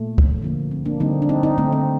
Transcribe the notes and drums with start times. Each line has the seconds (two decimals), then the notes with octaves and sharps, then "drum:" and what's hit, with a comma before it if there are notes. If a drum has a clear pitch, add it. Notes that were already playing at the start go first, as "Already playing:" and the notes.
Already playing: A#2 A3
0.18 drum: kick C#2
0.42 D3 F3 A#3
0.71 C4
0.85 A#3 D4
1.00 D3 G3 A#3 C4 D#4
1.22 D4
1.29 C4 D#4
1.43 C4 D#4
1.58 D3 A3 C4
1.72 C4